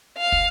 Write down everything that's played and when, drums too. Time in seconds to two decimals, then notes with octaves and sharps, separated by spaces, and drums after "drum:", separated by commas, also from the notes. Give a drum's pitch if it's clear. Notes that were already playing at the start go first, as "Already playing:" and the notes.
0.18 F5
0.32 drum: kick